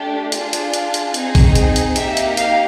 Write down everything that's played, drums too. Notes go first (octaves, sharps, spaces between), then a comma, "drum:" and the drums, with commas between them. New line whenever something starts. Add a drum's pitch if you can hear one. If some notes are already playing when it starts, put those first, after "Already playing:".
Already playing: A3 D4 G4
D4 F4 G#4, drum: hi-hat
drum: hi-hat
drum: hi-hat
drum: hi-hat
C4 D#4 G#4, drum: hi-hat
drum: kick A#1, open hi-hat
drum: hi-hat
drum: hi-hat
A#3 D#4 G4 E5, drum: hi-hat
drum: hi-hat
F5, drum: hi-hat